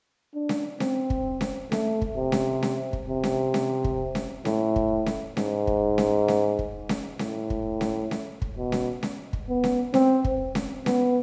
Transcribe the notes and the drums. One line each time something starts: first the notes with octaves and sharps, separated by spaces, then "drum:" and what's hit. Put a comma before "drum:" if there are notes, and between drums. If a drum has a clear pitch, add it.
D4
drum: snare C#4
C4, drum: snare C#4
drum: kick
drum: snare C#4
A3, drum: snare C#4
drum: kick
C3
drum: snare C#4
drum: snare C#4
drum: kick
C3
drum: snare C#4
drum: snare C#4
drum: kick
drum: snare C#4
A2, drum: snare C#4
drum: kick
drum: snare C#4
G#2, drum: snare C#4
drum: kick
drum: snare C#4
drum: snare C#4
drum: kick
drum: snare C#4
A2, drum: snare C#4
drum: kick
drum: snare C#4
drum: snare C#4
drum: kick
B2
drum: snare C#4
drum: snare C#4
drum: kick
B3
drum: snare C#4
C4, drum: snare C#4
drum: kick
drum: snare C#4
B3, drum: snare C#4